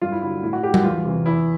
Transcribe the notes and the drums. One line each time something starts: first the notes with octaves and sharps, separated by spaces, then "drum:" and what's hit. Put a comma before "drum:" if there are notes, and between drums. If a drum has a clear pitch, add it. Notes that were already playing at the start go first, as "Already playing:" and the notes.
G2 F4
E4
D3 F#3 E4
A2 E4
F#4
F#3 G4
F#4, drum: tom G3
E2 F4
C3 E3
E2 E4